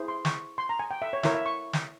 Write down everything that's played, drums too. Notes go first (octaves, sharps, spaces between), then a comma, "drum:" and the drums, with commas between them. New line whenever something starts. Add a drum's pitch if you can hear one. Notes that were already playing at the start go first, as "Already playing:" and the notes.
Already playing: E4 G#4 C5
C6
C#6, drum: snare
C6
A#5
G#5
G5
E5
C#5
E4 A#4 C#5 E5, drum: snare
E5
C#6
drum: snare